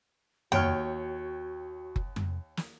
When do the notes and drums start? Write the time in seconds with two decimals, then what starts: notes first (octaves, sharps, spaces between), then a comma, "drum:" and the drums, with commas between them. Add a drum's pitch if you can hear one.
0.52 D#2 F#4 C#5 G5 F6, drum: tom F2
1.96 drum: kick F#1
2.16 drum: tom F2
2.57 drum: snare